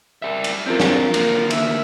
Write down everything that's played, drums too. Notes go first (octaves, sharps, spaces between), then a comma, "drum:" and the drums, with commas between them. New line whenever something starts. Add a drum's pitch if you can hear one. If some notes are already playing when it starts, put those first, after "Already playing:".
G3 E5
drum: cymbal
F3 C4 F4 A#4
drum: snare
D2 A#3, drum: cymbal
E5, drum: cymbal